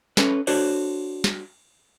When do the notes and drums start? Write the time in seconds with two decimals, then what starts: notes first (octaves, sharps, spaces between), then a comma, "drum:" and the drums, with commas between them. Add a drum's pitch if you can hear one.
0.17 C#4 A4 B4, drum: snare
0.47 D4 F#4 A4 C5 C#5, drum: cymbal
1.24 drum: snare